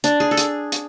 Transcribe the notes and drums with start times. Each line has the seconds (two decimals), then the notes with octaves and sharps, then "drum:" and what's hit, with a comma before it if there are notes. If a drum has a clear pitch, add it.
0.04 D4, drum: hi-hat
0.20 G#4
0.31 A4
0.37 G#4, drum: hi-hat
0.72 drum: hi-hat